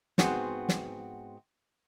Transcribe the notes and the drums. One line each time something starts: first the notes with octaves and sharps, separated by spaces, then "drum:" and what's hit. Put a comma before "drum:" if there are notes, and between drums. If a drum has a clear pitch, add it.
G#2 B3 C4 F#4 G#4, drum: snare
drum: snare